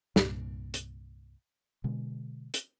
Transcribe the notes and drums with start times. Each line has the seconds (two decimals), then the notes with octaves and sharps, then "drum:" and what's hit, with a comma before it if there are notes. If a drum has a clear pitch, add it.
0.16 C2 G2 A#2, drum: snare
0.74 drum: hi-hat
1.84 B2 D3 G#3
2.54 drum: hi-hat